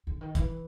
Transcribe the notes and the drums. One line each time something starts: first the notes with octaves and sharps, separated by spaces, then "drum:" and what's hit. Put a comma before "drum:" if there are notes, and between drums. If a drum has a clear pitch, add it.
D3
D#3
E3, drum: kick, hi-hat